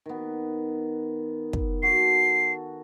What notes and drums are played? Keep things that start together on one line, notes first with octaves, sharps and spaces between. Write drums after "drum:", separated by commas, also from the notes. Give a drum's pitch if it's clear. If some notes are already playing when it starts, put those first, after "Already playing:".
D#3 B3
drum: kick
F#4 A4 C7